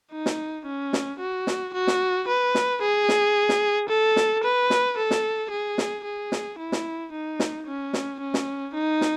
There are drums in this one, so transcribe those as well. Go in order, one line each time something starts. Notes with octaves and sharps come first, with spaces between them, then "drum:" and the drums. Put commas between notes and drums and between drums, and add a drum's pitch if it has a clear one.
D#4
drum: snare
C#4
drum: snare
F#4
drum: snare
F#4
drum: snare
B4
drum: snare
G#4
drum: snare
drum: snare
A4
drum: snare
B4
drum: snare
A4
drum: snare
G#4
drum: snare
G#4
drum: snare
E4
drum: snare
D#4
drum: snare
C#4
drum: snare
C#4
drum: snare
D#4
drum: snare